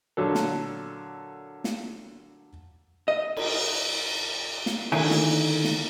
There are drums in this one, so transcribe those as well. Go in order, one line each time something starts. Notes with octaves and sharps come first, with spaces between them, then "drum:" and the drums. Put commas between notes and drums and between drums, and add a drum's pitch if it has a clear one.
A#2 D3 F#3 A4
drum: snare
drum: snare
D#5
drum: cymbal
drum: snare
D3 D#3 E4 G#5, drum: cymbal
drum: snare
drum: snare